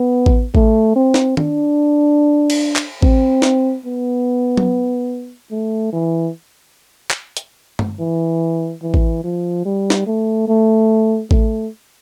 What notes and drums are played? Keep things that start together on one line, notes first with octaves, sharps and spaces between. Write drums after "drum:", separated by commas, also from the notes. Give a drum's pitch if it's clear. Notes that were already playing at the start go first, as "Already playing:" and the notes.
Already playing: B3
drum: kick A1
A3, drum: kick A1
C4
drum: snare
D4, drum: tom D#3
drum: cymbal
drum: clap
C4, drum: kick A1
drum: snare
B3
drum: tom F#3
A3
E3
drum: clap
drum: hi-hat
drum: tom
E3
E3
drum: kick A1
F3
G3
drum: snare
A3
A3
A3, drum: kick A1